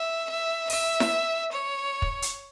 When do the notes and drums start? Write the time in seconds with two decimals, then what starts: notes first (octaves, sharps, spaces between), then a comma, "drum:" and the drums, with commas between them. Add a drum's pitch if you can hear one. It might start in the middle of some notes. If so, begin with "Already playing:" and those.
Already playing: E5
0.30 E5
0.70 E5, drum: open hi-hat
1.00 drum: snare E4
1.52 C#5
2.02 drum: kick
2.22 drum: hi-hat